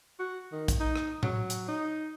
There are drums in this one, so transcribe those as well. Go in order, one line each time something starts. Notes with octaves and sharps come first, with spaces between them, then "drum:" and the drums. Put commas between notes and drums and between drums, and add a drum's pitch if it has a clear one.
F#4
D#3
drum: kick, hi-hat
D#4
drum: rim click
F#3, drum: tom A2
drum: hi-hat
D#4